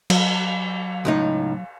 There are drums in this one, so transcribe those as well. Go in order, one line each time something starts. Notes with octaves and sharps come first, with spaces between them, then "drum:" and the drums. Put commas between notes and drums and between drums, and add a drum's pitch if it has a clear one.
F#3, drum: cymbal
C#2 A2 D#4